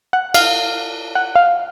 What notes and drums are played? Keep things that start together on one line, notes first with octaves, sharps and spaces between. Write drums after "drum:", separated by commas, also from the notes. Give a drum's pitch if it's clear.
F#5
F5, drum: cymbal
F#5
F5